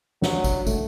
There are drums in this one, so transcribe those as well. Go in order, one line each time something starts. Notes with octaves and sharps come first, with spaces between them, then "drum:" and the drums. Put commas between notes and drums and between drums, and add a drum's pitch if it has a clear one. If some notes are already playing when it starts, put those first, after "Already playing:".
F#3 D4, drum: snare
drum: kick, tambourine
A3, drum: kick, tambourine